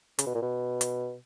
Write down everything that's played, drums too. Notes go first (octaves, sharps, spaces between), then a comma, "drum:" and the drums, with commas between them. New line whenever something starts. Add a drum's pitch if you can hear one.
C#3, drum: hi-hat
B2
A#2
B2
drum: hi-hat